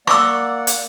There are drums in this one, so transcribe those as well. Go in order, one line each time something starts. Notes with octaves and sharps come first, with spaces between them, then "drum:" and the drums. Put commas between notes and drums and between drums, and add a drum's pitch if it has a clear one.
A#3 D5 F#5 C#6 D6 E6, drum: rim click
drum: hi-hat